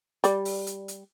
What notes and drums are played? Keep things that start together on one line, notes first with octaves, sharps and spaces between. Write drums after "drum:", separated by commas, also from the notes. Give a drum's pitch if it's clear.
G3 D5, drum: hi-hat
drum: open hi-hat
drum: hi-hat
drum: hi-hat